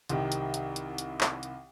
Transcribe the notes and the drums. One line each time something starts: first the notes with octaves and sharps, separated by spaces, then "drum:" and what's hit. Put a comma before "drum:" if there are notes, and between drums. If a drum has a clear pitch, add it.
C2 C3 D#3, drum: hi-hat
drum: hi-hat
drum: hi-hat
drum: hi-hat
drum: hi-hat
drum: clap
drum: hi-hat